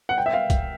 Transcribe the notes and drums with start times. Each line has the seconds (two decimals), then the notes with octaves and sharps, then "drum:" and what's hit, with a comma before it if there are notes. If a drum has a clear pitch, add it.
0.09 F#5
0.18 G5
0.26 E5
0.34 F5
0.50 drum: kick, hi-hat